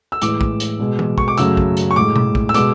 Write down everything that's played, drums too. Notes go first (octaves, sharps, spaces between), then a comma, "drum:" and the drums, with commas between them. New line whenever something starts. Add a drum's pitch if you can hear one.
E6
A2 E3 G#3 D6, drum: hi-hat
drum: kick
drum: hi-hat
B2 G#3
drum: tom E3
C#6, drum: kick
D6
F#2 C#3 F#3 A3 E6, drum: hi-hat
drum: kick
drum: hi-hat
C#6
A2 G#3 D6
drum: tom B2
drum: kick
E6
B2 G#3 D6, drum: hi-hat